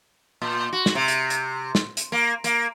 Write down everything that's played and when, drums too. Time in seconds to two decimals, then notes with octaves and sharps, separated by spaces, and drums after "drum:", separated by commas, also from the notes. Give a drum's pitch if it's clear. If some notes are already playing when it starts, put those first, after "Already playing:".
0.42 A#2
0.73 F#4
0.86 drum: snare
0.95 C3
1.08 drum: hi-hat
1.30 drum: hi-hat
1.75 drum: snare
1.97 drum: hi-hat
2.12 A#3
2.44 A#3, drum: hi-hat